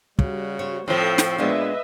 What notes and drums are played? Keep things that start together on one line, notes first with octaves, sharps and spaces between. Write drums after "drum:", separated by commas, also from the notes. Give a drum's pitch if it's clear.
C#3 G3 F#4, drum: kick
C5 C#5
A2 F3 C4 E4 A4
drum: snare
A#2 G#3 B3 D4 B4 D#5 E5